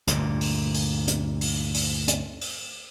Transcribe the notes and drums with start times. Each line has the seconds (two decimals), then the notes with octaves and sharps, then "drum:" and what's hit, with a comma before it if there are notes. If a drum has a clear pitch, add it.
0.07 D2 G2 A#2, drum: hi-hat
0.41 drum: open hi-hat
0.74 drum: open hi-hat
1.07 drum: hi-hat
1.41 drum: open hi-hat
1.74 drum: open hi-hat
2.08 drum: hi-hat
2.41 drum: open hi-hat